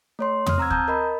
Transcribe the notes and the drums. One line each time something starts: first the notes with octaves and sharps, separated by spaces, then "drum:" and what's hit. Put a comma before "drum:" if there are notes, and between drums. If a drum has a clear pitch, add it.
A3 C#5 C6
D#6 F6, drum: tom
C4 A#5 E6 G#6
A5 A#5 D#6 G6, drum: kick
A#4 D#5 B5